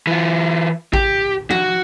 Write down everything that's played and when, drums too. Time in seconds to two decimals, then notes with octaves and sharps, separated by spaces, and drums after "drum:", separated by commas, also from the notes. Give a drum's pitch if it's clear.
0.07 E3 F4
0.93 G4, drum: kick A1
1.51 F#4, drum: tom F3